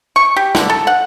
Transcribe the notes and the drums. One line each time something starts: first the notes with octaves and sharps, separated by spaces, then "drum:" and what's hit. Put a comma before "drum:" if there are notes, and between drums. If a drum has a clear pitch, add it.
C#6
G4
D3, drum: snare
A4
F#5